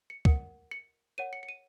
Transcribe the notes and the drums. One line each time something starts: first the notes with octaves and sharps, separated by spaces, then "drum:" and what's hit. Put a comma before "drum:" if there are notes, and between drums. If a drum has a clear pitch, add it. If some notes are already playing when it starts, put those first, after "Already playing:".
C#7
A#4 F#5 C#7, drum: kick C#2
C#7
A#4 C#5 F#5 D#7
C#7
C#7
D#7